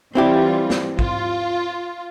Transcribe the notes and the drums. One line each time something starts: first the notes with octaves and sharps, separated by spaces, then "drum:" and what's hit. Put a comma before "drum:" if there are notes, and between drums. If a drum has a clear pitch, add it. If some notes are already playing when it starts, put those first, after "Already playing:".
E3 G3 C4 E4 F4 G4
drum: snare
F4, drum: kick